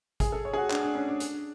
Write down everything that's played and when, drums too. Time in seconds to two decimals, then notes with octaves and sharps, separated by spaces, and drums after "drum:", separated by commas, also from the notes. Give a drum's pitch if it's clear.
0.20 G#4, drum: kick, hi-hat
0.32 A4
0.45 C#5
0.53 G#4
0.58 F#4
0.71 D4, drum: clap
0.83 D4
0.95 C#4
1.08 D4
1.20 D4, drum: hi-hat